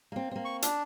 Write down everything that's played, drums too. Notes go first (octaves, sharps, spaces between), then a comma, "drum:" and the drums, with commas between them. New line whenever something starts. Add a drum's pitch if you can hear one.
A#3 C4
A#3 C4
C#6
D4, drum: hi-hat